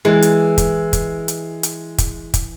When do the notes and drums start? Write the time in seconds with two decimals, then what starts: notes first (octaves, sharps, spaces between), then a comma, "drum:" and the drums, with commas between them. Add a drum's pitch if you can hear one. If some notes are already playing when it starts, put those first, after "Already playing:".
0.05 E3 G#3
0.22 drum: hi-hat
0.58 drum: kick, hi-hat
0.93 drum: kick, hi-hat
1.28 drum: hi-hat
1.63 drum: hi-hat
1.98 drum: kick, hi-hat
2.34 drum: kick, hi-hat